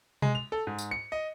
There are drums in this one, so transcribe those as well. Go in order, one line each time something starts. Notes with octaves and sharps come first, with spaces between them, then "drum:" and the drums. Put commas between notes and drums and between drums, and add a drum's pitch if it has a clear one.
G#3, drum: tom B2
F7
A4
G#2
drum: tambourine
C#7
D#5